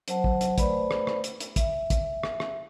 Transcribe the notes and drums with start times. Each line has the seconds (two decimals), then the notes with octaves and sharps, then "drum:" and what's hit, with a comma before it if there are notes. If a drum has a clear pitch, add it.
0.08 F#3 C5 F#5 A5, drum: hi-hat
0.24 drum: kick
0.41 drum: hi-hat
0.58 A3 B4 C5 D5 B5, drum: kick, hi-hat
0.91 drum: rim click
1.07 drum: rim click
1.24 drum: hi-hat
1.40 drum: hi-hat
1.56 E5, drum: kick, hi-hat
1.90 drum: kick, hi-hat
2.23 drum: rim click
2.40 drum: rim click